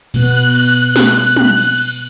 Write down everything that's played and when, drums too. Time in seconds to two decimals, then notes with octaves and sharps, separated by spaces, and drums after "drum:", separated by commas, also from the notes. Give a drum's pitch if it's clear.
0.14 B2 B3 F#6, drum: cymbal
0.34 drum: cymbal
0.55 drum: cymbal
0.75 drum: cymbal
0.96 drum: snare
1.16 drum: cymbal
1.36 drum: tom
1.57 drum: cymbal
1.77 drum: cymbal